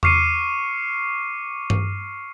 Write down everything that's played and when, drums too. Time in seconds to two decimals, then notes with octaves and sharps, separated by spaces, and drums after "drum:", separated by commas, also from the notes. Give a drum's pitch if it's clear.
0.03 C#6 D6 F6 C7 C#7 D#7, drum: tom E2
1.70 drum: tom G2